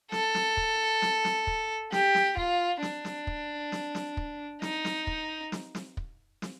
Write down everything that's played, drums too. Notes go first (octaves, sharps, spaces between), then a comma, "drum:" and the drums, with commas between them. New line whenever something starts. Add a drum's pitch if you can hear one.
A4, drum: snare
drum: snare
drum: kick
drum: snare
drum: snare
drum: kick
G4, drum: snare
drum: snare
F4, drum: kick
D4, drum: snare
drum: snare
drum: kick
drum: snare
drum: snare
drum: kick
D#4, drum: snare
drum: snare
drum: kick
drum: snare
drum: snare
drum: kick
drum: snare